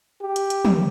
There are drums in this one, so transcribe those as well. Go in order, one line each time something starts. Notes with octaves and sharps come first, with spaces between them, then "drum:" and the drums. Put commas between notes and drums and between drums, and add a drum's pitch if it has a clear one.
G4
drum: hi-hat
drum: hi-hat
drum: tom